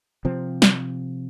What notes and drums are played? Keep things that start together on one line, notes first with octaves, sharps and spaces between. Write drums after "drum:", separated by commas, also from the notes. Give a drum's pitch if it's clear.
C3 F3 C4
drum: snare